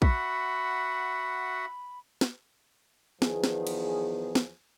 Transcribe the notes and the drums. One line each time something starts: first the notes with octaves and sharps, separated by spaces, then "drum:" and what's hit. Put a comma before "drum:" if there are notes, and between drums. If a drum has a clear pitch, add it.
F#4 E5 F#5 B5, drum: kick
drum: snare
E2 D#3 F3 B3 G#4, drum: snare
drum: snare
drum: cymbal
drum: snare